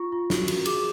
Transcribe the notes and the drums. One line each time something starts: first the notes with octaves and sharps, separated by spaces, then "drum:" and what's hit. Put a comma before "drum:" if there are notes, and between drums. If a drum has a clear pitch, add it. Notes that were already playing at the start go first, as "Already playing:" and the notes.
Already playing: F4 C#6
F4
F#4, drum: snare
F#4, drum: cymbal
G#4 D6, drum: cymbal